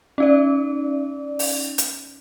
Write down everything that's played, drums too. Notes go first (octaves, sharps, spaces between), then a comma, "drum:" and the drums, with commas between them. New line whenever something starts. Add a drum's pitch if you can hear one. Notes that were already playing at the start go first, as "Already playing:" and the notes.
C#4 D#4 D5
drum: open hi-hat
drum: hi-hat